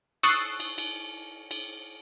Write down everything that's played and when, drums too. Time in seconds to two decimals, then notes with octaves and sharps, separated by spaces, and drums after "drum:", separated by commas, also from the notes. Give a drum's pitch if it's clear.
0.23 C#6 D#6 E6 F#6 A6 C7, drum: cymbal
0.60 drum: cymbal
0.78 drum: cymbal
1.51 drum: cymbal